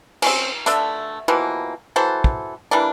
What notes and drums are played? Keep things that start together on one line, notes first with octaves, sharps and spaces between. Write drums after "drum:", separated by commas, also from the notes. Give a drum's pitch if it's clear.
C4 C#4, drum: cymbal
D3 A3 D4 E5, drum: hi-hat
B2 E3 F3 A#3
E3 F#3 A4 C5
drum: kick
E3 G3 A#3 D4